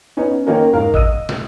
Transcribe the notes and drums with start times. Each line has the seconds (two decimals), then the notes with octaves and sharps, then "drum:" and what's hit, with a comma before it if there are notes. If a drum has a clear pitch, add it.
0.17 B3 C#4 D#4
0.47 D#3 A#3 C#4 D#4 A#4
0.73 G#2 D#4 A#4 F5
0.94 D#5 E6 D#7, drum: kick A1
1.29 drum: snare